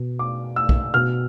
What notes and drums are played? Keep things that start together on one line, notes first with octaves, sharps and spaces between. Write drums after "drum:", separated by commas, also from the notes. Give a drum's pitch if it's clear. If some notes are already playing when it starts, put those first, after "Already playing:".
Already playing: B2
D6
E6
drum: kick B1
B2 F6